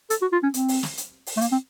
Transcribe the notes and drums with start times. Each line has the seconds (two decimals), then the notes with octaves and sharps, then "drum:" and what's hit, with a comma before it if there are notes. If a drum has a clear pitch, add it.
0.10 A4, drum: hi-hat
0.22 F#4
0.32 F4
0.43 C#4
0.54 C4, drum: hi-hat
0.68 drum: open hi-hat
0.83 drum: snare
0.97 drum: hi-hat
1.26 drum: open hi-hat
1.37 A3
1.41 A#3, drum: hi-hat
1.52 C4